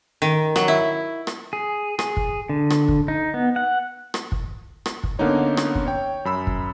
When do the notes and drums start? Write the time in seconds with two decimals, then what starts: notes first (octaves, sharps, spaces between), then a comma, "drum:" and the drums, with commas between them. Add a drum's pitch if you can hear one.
0.22 D#3
0.56 F#3, drum: rim click
0.68 E4
1.27 drum: rim click
1.53 G#4
1.99 G#4, drum: rim click
2.17 drum: kick
2.49 D3
2.70 drum: rim click
2.88 drum: kick
3.08 D#4
3.34 B3
3.56 F#5
4.14 drum: rim click
4.32 drum: kick
4.86 drum: rim click
5.03 drum: kick
5.19 D3 A#3 B3 C#4 D#4 C#5
5.57 drum: rim click
5.75 drum: kick
5.87 C#5 G5
6.25 F#2 B5 E6
6.47 drum: kick